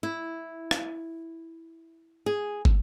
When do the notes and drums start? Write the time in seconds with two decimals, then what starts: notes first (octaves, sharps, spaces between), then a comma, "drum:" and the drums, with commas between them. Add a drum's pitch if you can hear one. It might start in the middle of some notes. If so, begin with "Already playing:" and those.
0.03 E4
0.71 drum: rim click
2.26 G#4
2.65 drum: kick